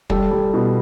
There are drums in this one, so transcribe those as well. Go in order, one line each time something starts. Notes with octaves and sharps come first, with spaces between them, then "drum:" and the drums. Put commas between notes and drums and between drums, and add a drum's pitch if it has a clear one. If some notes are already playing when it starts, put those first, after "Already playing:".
G3 A4, drum: kick
G3
B2